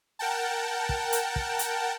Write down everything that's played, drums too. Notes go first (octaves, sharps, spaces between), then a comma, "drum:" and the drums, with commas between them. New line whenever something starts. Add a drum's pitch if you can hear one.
A#4 F#5 G5 A5
drum: kick
drum: hi-hat
drum: kick
drum: hi-hat